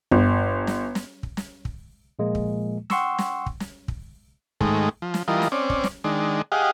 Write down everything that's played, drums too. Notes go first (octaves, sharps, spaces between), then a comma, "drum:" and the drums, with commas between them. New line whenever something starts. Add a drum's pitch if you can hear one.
G1, drum: kick
drum: snare
drum: snare
drum: kick
drum: snare
drum: kick
A#2 F3 G#3 A#3
drum: kick
F#5 G5 C6 C#6 D#6 E6, drum: snare
drum: snare
drum: kick
drum: snare
drum: kick
G#2 D#3 G#3 A3, drum: kick
F3
drum: snare
E3 G3 F4 A#4 D#5
drum: snare
C4 C#4 D5
drum: kick
drum: snare
D#3 G#3 D4
G4 G#4 D#5 F5 F#5